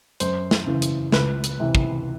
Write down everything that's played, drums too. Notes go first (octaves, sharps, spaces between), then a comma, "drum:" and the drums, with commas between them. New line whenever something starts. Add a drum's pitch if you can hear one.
F#2 C5, drum: hi-hat
drum: snare
C#3 E3
drum: hi-hat
C#2 B4, drum: snare
drum: hi-hat
C3 E3
drum: kick